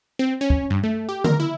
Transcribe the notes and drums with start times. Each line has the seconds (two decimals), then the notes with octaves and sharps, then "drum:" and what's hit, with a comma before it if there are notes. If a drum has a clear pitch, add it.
0.19 C4
0.41 C#4
0.50 drum: kick
0.70 G2
0.83 A3
1.09 G4
1.24 A#4, drum: tom D3
1.40 E4